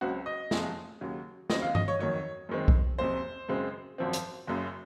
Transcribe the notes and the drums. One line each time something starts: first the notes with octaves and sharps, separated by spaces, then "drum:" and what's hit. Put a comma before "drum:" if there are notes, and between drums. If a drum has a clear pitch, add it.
C#2 C#3 F#3 C4 F#4
D#5
F#1 F2 C3 F3 G#3, drum: snare
D#2 C#3 F#3
D#2 C#3 F#3 C4 D#5, drum: snare
F5
D#5, drum: tom G2
C#5
F2 D#3 F#3 C#5
F#2 D#3 G#3 C4
drum: kick B1
F#1 F2 C3 C5
F#2 C#3 G#3 C4
G#1 F#2 F3 C4
drum: hi-hat
F#1 F#2 C#3